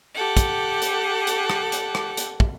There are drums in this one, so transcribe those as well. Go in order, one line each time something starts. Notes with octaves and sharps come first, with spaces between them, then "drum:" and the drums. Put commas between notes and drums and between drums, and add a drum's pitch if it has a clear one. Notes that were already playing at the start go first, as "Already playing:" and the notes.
G4 A4 F#5
drum: kick, hi-hat
drum: hi-hat
drum: hi-hat
drum: rim click
drum: hi-hat
drum: rim click
drum: hi-hat
drum: kick